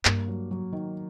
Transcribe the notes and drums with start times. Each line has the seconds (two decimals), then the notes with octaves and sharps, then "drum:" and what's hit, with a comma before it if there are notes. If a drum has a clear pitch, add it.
0.05 G2 A#3, drum: clap
0.28 F#3
0.51 F#3
0.72 D#3